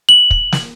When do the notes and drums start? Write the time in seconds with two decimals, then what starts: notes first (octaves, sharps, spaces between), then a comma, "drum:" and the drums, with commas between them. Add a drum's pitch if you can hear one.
0.09 F#7
0.31 drum: kick
0.52 drum: snare